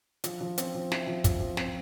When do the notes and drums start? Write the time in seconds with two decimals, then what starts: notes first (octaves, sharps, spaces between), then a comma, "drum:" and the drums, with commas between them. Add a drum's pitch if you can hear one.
0.24 F3, drum: hi-hat
0.41 F3
0.58 C4, drum: hi-hat
0.75 F3
0.92 E4, drum: snare
1.07 F3
1.24 F3, drum: kick, hi-hat
1.40 F3
1.57 C4, drum: snare